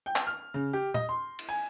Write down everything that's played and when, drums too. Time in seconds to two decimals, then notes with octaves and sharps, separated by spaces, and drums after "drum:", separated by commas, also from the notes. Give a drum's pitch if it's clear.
0.06 G5
0.16 drum: clap
0.27 F6
0.54 C#3
0.73 G4
0.94 D#5, drum: tom A#2
1.09 C6
1.39 drum: cymbal
1.49 G#5